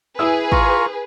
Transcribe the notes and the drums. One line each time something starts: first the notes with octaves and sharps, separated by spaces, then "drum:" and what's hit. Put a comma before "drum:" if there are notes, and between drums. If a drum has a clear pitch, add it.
E4 G#4 B4 D#6 E6
F4 A#5 C#6, drum: kick